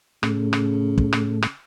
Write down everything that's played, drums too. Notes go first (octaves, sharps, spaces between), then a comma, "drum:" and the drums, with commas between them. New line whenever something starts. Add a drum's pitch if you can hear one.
A2 C#3 A3, drum: rim click
drum: rim click
drum: kick
drum: rim click
drum: rim click